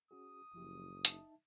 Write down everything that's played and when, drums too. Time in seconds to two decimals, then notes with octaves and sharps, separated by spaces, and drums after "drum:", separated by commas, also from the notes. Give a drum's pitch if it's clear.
0.11 C#4 F#4 G#4 D#6
0.54 F#1 F3 E4 G4
1.05 D#4 E5 A5, drum: hi-hat